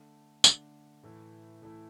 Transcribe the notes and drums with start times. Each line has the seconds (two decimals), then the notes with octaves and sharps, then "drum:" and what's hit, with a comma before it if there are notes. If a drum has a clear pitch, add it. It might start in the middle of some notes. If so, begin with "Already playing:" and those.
Already playing: D3 A3 D4
0.44 D3 A3 D4, drum: tambourine
1.03 A2 E3 A3 E4
1.62 A2 E3 A3 E4